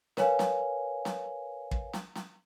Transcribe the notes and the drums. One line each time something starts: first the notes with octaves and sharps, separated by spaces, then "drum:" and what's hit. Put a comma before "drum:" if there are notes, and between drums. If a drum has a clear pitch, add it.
A#4 B4 C#5 F5 G#5, drum: snare
drum: snare
drum: snare
drum: kick
drum: snare
drum: snare